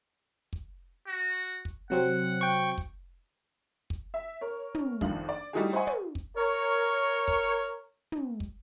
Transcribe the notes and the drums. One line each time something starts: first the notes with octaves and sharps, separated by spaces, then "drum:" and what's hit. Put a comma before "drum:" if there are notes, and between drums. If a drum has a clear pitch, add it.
drum: kick
F#4
drum: kick
C3 F#3 C4 F#5
G5 C#6
drum: kick
drum: kick
E5
A#4 C#5
drum: tom
A#1 F2 D#3 F4 F#7, drum: kick
D5
G3 A3 D#4 E4 F#4 G#4
C5 D#5 E5 F#5 G#5 C#6
drum: tom
drum: kick
A#4 C#5
drum: kick
drum: tom
drum: kick